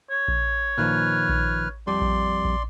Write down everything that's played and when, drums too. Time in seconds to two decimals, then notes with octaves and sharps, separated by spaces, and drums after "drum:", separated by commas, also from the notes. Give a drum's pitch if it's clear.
0.10 C#5
0.28 drum: kick A#1
0.78 A#2 D#3 F3 B4 F6
1.29 drum: kick A#1
1.87 F2 G3 D5 C6
2.01 drum: kick A#1
2.45 drum: kick A#1